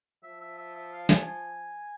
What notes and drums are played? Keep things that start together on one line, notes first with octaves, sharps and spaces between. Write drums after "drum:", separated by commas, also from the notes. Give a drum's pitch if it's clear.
F3 E5
E5
E5
E5
F5
G#5, drum: snare
G#5